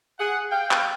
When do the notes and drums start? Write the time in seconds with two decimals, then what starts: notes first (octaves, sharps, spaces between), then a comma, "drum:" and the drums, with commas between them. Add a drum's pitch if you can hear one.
0.20 G#4 F#5
0.51 F5 G5
0.71 drum: clap